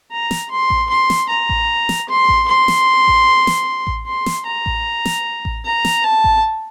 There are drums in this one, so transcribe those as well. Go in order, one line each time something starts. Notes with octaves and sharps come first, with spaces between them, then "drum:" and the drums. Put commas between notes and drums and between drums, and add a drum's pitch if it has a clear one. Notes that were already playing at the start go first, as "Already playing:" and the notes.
A#5
drum: snare
C6
drum: kick A1
C6
drum: snare
A#5
drum: kick A1
drum: snare
C6
drum: kick A1
C6
drum: snare
drum: kick A1
drum: snare
drum: kick A1
C6
drum: snare
A#5
drum: kick A1
drum: snare
drum: kick A1
A#5
drum: snare
A5
drum: kick A1